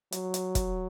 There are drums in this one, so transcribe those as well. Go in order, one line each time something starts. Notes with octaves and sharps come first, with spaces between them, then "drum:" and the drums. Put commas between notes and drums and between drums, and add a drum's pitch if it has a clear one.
F#3, drum: hi-hat
drum: hi-hat
drum: kick, hi-hat